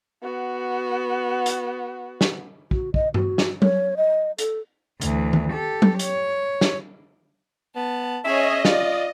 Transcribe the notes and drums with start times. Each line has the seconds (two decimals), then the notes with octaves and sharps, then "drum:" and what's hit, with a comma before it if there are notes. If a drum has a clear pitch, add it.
0.23 B3 F#4
1.46 drum: hi-hat
2.21 drum: snare
2.71 F#4, drum: kick
2.94 D#5, drum: kick
3.14 F#4, drum: tom G2
3.38 drum: snare
3.62 C#5, drum: tom F#3
3.97 D#5
4.38 A4, drum: hi-hat
5.01 D2 E3, drum: hi-hat
5.33 drum: tom D#3
5.52 G4 A4
5.82 drum: tom F#3
5.99 C#5, drum: hi-hat
6.61 drum: snare
7.76 B3 A5
8.24 C#4 G#4 C#5 D#5 E5
8.65 F4 D5, drum: snare